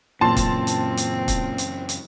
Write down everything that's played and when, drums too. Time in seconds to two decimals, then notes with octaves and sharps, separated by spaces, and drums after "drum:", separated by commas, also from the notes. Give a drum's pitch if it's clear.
0.21 F#2 A#2 C#3 E3 C4 A5 C6
0.37 drum: kick, hi-hat
0.67 drum: hi-hat
0.97 drum: hi-hat
1.28 drum: kick, hi-hat
1.58 drum: hi-hat
1.89 drum: hi-hat